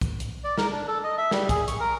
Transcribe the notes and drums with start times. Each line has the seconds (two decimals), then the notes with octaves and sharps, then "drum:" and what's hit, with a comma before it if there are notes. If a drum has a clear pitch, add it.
0.01 drum: kick, hi-hat
0.20 drum: hi-hat
0.44 D5
0.58 A#4, drum: snare
0.71 D4
0.88 A4
1.04 D#5
1.18 E5
1.31 G3, drum: snare
1.49 G#4, drum: kick, hi-hat
1.68 C#6, drum: hi-hat
1.80 A#4